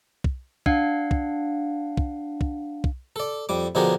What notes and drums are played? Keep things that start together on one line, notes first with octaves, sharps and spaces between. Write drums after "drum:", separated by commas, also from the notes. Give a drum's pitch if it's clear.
drum: kick
D4 F5 F#5, drum: kick
drum: kick
drum: kick
drum: kick
drum: kick
A4 D5
F2 G3 D6
B2 D3 F3 G4 G#4 A#4